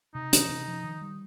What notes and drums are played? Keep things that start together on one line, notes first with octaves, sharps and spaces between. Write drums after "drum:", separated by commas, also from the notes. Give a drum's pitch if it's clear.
C3 D#4
E3, drum: hi-hat
C3
F3
D#3
G3